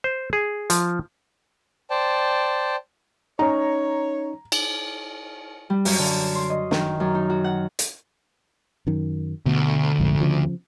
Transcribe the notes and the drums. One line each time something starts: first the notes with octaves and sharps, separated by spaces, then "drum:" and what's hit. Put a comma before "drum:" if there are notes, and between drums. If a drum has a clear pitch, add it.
C5
G#4
F3, drum: hi-hat
C5 D5 G5 A5
C#4 D#4 C#5 A#5
drum: cymbal
G3
F#2, drum: open hi-hat
D3
C6
D#5
D#3, drum: snare
F#2
D#4
F#4
F#5
drum: hi-hat
F#2 D#3
D2 B2
A#1 F2 G#2
C#3 F3